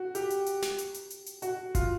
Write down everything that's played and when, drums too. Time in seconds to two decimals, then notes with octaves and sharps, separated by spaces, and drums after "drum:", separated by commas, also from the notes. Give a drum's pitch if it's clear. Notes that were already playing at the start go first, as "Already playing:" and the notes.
Already playing: F#4
0.15 G4, drum: hi-hat
0.30 drum: hi-hat
0.46 drum: hi-hat
0.62 drum: snare
0.78 drum: hi-hat
0.94 drum: hi-hat
1.10 drum: hi-hat
1.26 drum: hi-hat
1.42 F#4, drum: hi-hat
1.75 F4, drum: kick G1, hi-hat